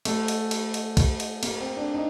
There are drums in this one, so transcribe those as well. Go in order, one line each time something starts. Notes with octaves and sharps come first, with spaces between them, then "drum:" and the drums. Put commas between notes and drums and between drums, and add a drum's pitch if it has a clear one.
A3, drum: cymbal
drum: cymbal
drum: cymbal
drum: cymbal
drum: kick, cymbal
drum: cymbal
A#3, drum: cymbal
C4
D4
D#4